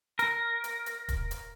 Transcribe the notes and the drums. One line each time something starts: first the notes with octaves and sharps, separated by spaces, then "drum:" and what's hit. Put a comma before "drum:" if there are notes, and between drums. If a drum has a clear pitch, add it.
A#4, drum: hi-hat
drum: hi-hat
drum: hi-hat
drum: kick, hi-hat
drum: hi-hat